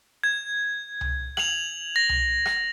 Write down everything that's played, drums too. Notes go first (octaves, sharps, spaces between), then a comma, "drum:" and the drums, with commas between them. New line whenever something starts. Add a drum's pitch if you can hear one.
G#6
drum: tom C2
F7 F#7, drum: rim click
A#6
drum: tom C2
drum: rim click